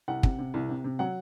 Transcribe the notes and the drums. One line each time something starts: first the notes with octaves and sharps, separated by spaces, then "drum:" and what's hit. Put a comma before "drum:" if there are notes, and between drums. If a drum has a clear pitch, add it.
C2 F#5
C3, drum: kick
C3
C2
C3
C3
F#3 F#5